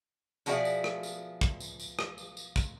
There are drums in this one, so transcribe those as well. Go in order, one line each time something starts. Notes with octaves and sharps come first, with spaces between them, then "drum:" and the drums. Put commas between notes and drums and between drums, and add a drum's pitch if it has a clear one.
B2 F3 F#4 G#4 D5 E5, drum: tambourine
drum: tambourine
drum: rim click
drum: tambourine
drum: kick
drum: tambourine
drum: tambourine
drum: rim click
drum: tambourine
drum: tambourine
drum: kick, tambourine